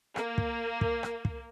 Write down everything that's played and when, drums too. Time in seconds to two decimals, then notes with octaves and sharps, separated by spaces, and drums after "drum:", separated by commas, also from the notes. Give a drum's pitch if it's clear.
0.16 A#3, drum: rim click
0.38 drum: kick
0.81 drum: kick
1.03 drum: rim click
1.25 drum: kick